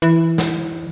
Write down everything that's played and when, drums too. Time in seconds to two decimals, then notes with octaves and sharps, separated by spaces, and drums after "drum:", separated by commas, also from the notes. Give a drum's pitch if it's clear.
0.02 E3
0.38 drum: snare